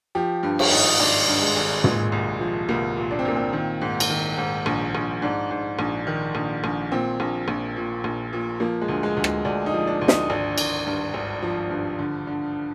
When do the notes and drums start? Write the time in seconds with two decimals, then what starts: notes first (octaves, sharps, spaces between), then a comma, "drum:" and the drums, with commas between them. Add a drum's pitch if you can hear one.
0.15 F3 G4
0.43 G2
0.59 drum: cymbal
0.71 G#1 D#4
1.00 G#1 D4
1.28 G2
1.42 G#3
1.56 G#1
1.84 A#2 G#3, drum: tom
2.12 C2
2.41 F3
2.69 C2 A#3
2.97 A#2
3.11 D4
3.19 C4
3.25 A#2 A#3
3.36 C4
3.53 D#3
3.82 G#2
4.00 drum: cymbal
4.10 D#3
4.37 G#2
4.66 A#1
4.95 A#1
5.22 G#2 D4
5.51 G#2
5.79 A#1
6.07 D#3
6.35 A#1
6.64 A#1
6.92 A#2 C4
7.20 A#1
7.48 A#1
7.76 A#2
8.04 A#1
8.33 A#2
8.60 F3 A#3
8.81 G#3
8.88 D2
9.03 G#3
9.17 D2
9.24 G#3, drum: rim click
9.45 D2 D4
9.66 D#4
9.73 F3
9.87 D4
10.01 D2
10.08 D#4, drum: snare
10.30 G#1 D4
10.58 G#1, drum: cymbal
10.86 G2
11.14 G#1
11.43 F3
11.70 G2
11.99 D3
12.27 D3